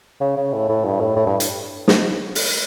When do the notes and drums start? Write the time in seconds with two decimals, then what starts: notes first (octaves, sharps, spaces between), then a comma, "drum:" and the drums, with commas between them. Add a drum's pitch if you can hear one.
0.21 C#3
0.37 C#3
0.53 A2
0.68 A2
0.85 G2
1.00 A2
1.16 A2
1.26 G2
1.40 drum: hi-hat
1.88 drum: snare
2.35 drum: open hi-hat